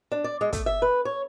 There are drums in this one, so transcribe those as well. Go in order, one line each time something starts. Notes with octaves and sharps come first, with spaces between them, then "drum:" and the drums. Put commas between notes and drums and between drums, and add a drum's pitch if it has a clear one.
D4
D5
G#3
A3, drum: kick, hi-hat
E5
B4
C#5